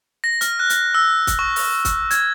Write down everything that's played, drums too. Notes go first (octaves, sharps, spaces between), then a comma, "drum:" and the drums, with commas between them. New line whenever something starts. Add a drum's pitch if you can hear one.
A#6
F6, drum: hi-hat
F#6
drum: hi-hat
E6
drum: kick, hi-hat
C#6
drum: open hi-hat
drum: kick, hi-hat
G#6, drum: hi-hat